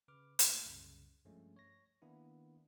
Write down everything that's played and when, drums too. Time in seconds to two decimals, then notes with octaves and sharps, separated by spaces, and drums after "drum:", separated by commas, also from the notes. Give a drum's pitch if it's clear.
0.08 C#3 B4 D6 F6
0.39 A2 A#3 B6, drum: hi-hat
0.66 C2 F#2 C#3
1.25 G2 F3 G#3 A3 C#4
1.56 C#5 A#6
2.02 D#3 A#3 B3 D4 E4